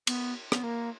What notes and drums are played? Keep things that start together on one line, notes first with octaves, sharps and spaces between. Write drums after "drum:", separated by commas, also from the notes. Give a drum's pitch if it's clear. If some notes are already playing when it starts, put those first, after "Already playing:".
B3, drum: cymbal
B3, drum: rim click
A#3